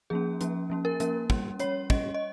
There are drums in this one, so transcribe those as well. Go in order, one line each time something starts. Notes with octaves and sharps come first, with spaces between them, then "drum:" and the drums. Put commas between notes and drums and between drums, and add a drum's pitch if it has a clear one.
F3 A#3 C#4 G#4
F3 A#3 C#4, drum: hi-hat
F3 A#3 C#4
A#4
F3 A#3 C#4 A#4, drum: hi-hat
G3 C#4, drum: kick
G3 C#4 C#5, drum: hi-hat
G3 C#4 D#5, drum: kick
D#5